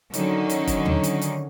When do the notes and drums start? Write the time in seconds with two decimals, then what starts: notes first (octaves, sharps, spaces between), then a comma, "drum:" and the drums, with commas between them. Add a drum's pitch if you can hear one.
0.14 D3 D#3 F#3 C#4 D#4, drum: hi-hat
0.50 drum: hi-hat
0.68 drum: kick, hi-hat
0.86 drum: tom
1.04 drum: hi-hat
1.22 drum: hi-hat